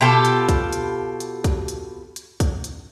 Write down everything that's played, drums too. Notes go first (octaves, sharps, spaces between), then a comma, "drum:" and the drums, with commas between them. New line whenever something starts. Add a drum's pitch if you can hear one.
B2 F4 G4 A4
drum: hi-hat
drum: kick B1, hi-hat
drum: hi-hat
drum: hi-hat
drum: kick B1, hi-hat
drum: hi-hat
drum: hi-hat
drum: kick B1, hi-hat
drum: hi-hat